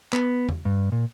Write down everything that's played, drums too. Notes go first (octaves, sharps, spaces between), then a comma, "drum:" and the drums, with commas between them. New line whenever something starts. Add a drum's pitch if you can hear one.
B3, drum: clap
drum: tom E2
G2
A#2